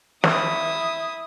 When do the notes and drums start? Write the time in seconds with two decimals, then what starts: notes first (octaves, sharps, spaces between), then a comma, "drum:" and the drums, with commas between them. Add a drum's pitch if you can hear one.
0.24 E4 D#6, drum: snare